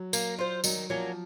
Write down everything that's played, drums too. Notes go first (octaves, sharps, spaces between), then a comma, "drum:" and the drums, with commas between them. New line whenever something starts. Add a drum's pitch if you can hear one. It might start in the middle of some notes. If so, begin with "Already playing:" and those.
Already playing: F#3
A#3, drum: tambourine
F4 C5
D#3 F#3, drum: tambourine
F3 F#3 A#3 C#4